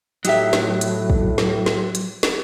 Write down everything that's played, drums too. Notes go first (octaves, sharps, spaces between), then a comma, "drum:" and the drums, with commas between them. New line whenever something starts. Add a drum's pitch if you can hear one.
A2 F#3 D#4 G4 E5, drum: hi-hat
drum: snare
drum: hi-hat
drum: kick
drum: snare
drum: snare
drum: hi-hat
drum: snare